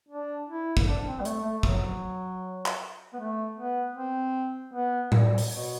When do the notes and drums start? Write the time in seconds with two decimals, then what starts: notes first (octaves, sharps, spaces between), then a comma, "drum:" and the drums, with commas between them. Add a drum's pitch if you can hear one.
0.09 D4
0.48 E4
0.77 drum: kick
0.87 D4
1.06 C4
1.20 G3
1.25 A3, drum: hi-hat
1.44 A3
1.63 F#3, drum: kick
2.66 drum: clap
3.13 B3
3.19 A3
3.58 B3
3.96 C4
4.74 B3
5.12 G3, drum: tom A2
5.38 drum: open hi-hat
5.51 B2